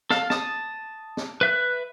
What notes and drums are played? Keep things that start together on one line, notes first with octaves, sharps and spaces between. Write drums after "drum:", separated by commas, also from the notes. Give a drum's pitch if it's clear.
A4 F5, drum: snare
A5 D#6, drum: snare
drum: snare
B4 E5 F#6